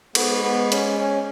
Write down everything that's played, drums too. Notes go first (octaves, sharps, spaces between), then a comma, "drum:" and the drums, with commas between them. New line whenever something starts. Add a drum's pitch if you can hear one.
G#3 B3, drum: cymbal
B3
C#4, drum: hi-hat
C#4